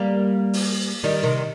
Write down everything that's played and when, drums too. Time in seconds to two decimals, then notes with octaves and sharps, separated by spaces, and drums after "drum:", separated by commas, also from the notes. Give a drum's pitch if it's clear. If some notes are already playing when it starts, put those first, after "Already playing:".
Already playing: G3 A#3
0.53 drum: open hi-hat
1.04 D#3 G3
1.23 C3 D#3